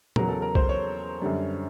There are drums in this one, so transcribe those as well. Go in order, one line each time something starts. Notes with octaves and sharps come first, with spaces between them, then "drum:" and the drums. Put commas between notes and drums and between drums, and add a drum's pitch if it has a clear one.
E2 C#3 F#3 A#4, drum: tom
A4
A#4
C5, drum: kick C2
C#5
F#2 D3 G3